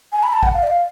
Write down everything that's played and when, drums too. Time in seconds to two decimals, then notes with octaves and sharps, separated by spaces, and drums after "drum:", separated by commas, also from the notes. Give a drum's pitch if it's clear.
0.12 G#5
0.23 B5
0.33 A5
0.43 F#5, drum: kick
0.54 F5
0.63 D5
0.67 F5